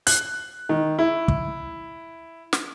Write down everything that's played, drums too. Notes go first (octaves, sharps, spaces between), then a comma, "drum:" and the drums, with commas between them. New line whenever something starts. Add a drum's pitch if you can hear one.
F#6, drum: hi-hat
D#3
E4
drum: kick
drum: snare